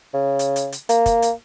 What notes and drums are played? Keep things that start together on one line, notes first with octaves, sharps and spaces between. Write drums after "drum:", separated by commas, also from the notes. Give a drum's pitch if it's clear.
C#3
drum: hi-hat
drum: hi-hat
drum: hi-hat
A#3, drum: hi-hat
drum: kick, hi-hat
drum: hi-hat